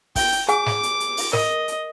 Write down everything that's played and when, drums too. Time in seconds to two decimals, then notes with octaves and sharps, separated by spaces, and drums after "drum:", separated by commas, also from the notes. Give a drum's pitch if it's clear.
0.16 G5, drum: kick, open hi-hat
0.32 drum: hi-hat
0.48 G#4 F#5 G#5 D6, drum: hi-hat
0.66 drum: snare
0.83 drum: hi-hat
1.00 drum: hi-hat
1.17 drum: open hi-hat
1.33 A#4 D#5, drum: snare
1.68 drum: hi-hat